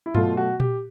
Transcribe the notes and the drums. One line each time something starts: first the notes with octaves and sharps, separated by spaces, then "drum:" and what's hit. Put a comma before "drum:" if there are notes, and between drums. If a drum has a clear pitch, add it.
E4
B2 F#3 A3 F4, drum: tom G2
F#4
G4, drum: tom A#2